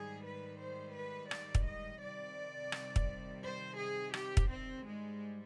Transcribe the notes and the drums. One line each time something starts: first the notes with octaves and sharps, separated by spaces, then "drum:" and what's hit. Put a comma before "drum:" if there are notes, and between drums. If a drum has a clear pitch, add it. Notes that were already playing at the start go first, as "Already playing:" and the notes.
Already playing: G#2 D#3 G3 G#4
B4
C5
B4
D5, drum: rim click
drum: kick
D#5
C3 D#3 G3 D5
drum: rim click
drum: kick
C5
G#4
G4, drum: rim click
drum: kick
C4
G#2 G3 G#3